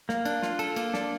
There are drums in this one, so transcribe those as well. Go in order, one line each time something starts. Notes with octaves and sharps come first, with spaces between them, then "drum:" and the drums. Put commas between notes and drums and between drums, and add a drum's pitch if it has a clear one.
A#3, drum: snare
D4, drum: cymbal
F4, drum: snare
A4, drum: cymbal
A#3, drum: cymbal
D4, drum: snare